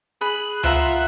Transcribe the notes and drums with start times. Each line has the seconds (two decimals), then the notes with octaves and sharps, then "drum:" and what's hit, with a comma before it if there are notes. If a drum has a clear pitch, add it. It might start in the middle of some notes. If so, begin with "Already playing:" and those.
0.21 G#4 B5 F#6
0.63 F4 C5 E5 F#5 A#5, drum: tom C#2
0.79 drum: hi-hat